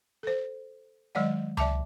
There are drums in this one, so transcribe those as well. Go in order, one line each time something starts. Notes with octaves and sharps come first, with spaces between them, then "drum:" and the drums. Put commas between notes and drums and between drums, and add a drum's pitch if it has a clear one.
A4 C5
D#3 F#3 G#3 D5 D#5 F#5
D5 E5 A5 D6, drum: tom C#2